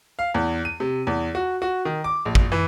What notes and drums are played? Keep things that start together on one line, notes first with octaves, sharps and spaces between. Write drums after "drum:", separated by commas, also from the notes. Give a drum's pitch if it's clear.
F5
E2
D#7
C3
E2
F#4
F#4
D#3
D6
A#1
drum: kick
E3